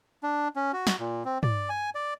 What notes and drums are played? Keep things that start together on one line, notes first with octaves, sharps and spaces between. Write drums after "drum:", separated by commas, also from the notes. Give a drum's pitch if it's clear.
D4
C#4
F#4
drum: snare
A#2
C4
D5, drum: tom
G#5
D5